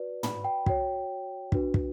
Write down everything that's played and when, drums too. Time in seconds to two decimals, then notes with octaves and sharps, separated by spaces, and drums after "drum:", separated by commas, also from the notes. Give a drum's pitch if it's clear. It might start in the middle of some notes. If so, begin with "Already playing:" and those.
Already playing: F#4 B4 D5
0.23 B5, drum: tom
0.45 G5
0.66 F#4 C#5 G5, drum: kick
1.52 D4 F#4 B4, drum: kick
1.74 drum: kick